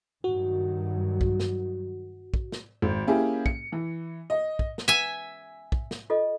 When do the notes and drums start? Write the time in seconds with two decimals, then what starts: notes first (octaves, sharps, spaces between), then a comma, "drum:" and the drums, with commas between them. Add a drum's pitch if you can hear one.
0.24 G2 D#3 F#3 F#4
1.21 drum: kick
1.40 drum: snare
2.34 drum: kick
2.52 drum: snare
2.82 G#1
3.07 A#3 C#4 E4 G4 G#4
3.46 C#7, drum: kick
3.72 E3
4.30 D#5
4.59 drum: kick
4.78 drum: snare
4.88 E5 G#5
5.72 drum: kick
5.91 drum: snare
6.10 F4 A4 D#5